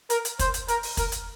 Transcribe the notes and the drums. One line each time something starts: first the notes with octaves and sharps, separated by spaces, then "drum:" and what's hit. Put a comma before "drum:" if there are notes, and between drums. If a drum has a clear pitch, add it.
A#4, drum: hi-hat
drum: hi-hat
C5, drum: kick, hi-hat
drum: hi-hat
A#4, drum: hi-hat
drum: open hi-hat
A#4, drum: kick, hi-hat
drum: hi-hat